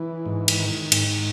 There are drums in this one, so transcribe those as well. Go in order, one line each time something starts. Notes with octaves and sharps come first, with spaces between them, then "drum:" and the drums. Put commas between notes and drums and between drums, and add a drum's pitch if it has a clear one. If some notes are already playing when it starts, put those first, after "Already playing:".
Already playing: E3
G#2
drum: cymbal
D#3
G#2, drum: cymbal